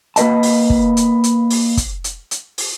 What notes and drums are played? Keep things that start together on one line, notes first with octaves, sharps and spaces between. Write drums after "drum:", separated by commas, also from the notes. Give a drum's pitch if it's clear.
A#3 B4 D#5 A5, drum: hi-hat
drum: open hi-hat
drum: kick
drum: hi-hat
drum: hi-hat
drum: open hi-hat
drum: kick, hi-hat
drum: hi-hat
drum: hi-hat
drum: open hi-hat